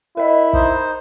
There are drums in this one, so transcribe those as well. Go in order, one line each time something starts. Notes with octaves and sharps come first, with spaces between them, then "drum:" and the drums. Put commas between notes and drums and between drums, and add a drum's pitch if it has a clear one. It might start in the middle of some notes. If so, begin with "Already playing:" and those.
E4 A#4 D#5
D#4 C5, drum: kick